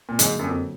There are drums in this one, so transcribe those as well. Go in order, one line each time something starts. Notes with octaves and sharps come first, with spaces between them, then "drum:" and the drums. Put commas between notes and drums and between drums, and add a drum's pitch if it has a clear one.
A#2
G#2 D3 F#3 A#3, drum: hi-hat
F#2
F2